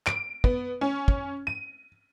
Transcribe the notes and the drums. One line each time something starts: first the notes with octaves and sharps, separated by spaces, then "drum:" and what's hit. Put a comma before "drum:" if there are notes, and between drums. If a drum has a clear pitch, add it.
D7, drum: clap
B3, drum: kick
C#4
drum: kick
D#7